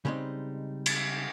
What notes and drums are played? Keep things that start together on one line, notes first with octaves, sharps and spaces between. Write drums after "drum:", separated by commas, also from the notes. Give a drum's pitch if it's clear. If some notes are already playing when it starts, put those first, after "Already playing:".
C#3 G3 G#3 C4 D#4
drum: cymbal